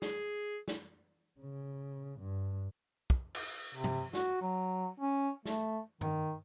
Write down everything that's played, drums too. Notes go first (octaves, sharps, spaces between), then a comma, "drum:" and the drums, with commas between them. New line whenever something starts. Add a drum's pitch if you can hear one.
G#4, drum: snare
drum: snare
C#3
G2
drum: kick
drum: cymbal
C3
drum: tom G2
F#4, drum: snare
F#3
C#4
A3, drum: snare
D#3, drum: tom G2